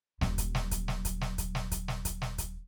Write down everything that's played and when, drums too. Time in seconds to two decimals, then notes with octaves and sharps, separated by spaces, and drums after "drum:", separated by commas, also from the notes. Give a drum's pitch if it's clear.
0.21 D#1 F#3, drum: snare
0.38 drum: kick, hi-hat
0.55 drum: snare
0.71 drum: kick, hi-hat
0.88 drum: snare
1.05 drum: kick, hi-hat
1.21 drum: snare
1.38 drum: kick, hi-hat
1.55 drum: snare
1.71 drum: kick, hi-hat
1.88 drum: snare
2.05 drum: kick, hi-hat
2.22 drum: snare
2.38 drum: kick, hi-hat